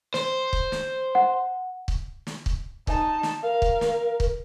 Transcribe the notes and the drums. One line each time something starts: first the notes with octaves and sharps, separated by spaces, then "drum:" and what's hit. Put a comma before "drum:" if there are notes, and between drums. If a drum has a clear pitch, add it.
C5, drum: snare
drum: kick
drum: snare
F#5
drum: kick
drum: snare
drum: kick
D#4 A5, drum: kick
drum: snare
A#4 F5
drum: kick
drum: snare
drum: kick